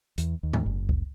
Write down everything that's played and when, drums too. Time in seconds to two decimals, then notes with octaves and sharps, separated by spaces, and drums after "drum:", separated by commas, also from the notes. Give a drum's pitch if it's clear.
0.18 E2, drum: hi-hat
0.43 D#2
0.53 drum: tom G#2
0.66 F#1
0.89 drum: kick C#2